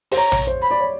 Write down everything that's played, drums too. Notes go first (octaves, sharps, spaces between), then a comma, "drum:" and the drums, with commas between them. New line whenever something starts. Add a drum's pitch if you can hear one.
C5, drum: open hi-hat
C#5 A#5
C#5, drum: tom A#1
C5
B5
D5
C#5